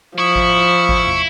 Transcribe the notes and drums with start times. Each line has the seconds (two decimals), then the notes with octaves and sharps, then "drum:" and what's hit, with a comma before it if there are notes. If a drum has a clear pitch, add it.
0.18 F3 E4 C#6 D#6
0.36 drum: kick G#1
0.89 drum: kick G#1
1.07 drum: tom